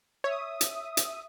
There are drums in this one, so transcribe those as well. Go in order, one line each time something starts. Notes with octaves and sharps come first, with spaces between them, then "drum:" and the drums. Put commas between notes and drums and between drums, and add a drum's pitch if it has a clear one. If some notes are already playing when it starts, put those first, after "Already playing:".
C#5 E5 D#6
drum: hi-hat
drum: hi-hat